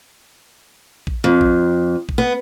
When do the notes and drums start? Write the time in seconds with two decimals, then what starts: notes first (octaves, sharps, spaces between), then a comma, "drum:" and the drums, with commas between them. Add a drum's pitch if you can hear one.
1.07 drum: kick A#1
1.24 F2
1.41 drum: kick A#1
2.09 drum: kick A#1
2.18 B3